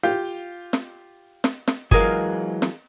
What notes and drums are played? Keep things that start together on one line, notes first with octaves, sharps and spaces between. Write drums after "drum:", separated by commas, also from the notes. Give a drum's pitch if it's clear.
F4 G4
drum: snare
drum: snare
drum: snare
E3 F#3 G#3 G#4 A#4 F5, drum: kick
drum: snare